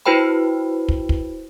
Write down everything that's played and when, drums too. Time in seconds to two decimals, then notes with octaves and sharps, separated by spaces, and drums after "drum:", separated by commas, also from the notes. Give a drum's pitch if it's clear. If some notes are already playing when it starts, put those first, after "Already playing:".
0.06 E4 F#4 B4 C5 G5 B5
0.89 drum: kick
1.09 drum: kick